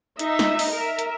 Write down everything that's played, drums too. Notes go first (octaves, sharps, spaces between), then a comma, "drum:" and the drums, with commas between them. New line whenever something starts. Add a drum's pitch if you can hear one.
D#4 E5, drum: hi-hat
drum: snare
drum: open hi-hat
A#4 E5
drum: hi-hat